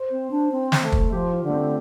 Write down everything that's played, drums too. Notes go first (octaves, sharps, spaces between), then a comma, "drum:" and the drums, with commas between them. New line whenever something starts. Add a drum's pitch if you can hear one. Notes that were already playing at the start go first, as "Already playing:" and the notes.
Already playing: C5
C4
D4
C4
drum: snare
A3
drum: kick
F3 G4
F4
D3
A3
C4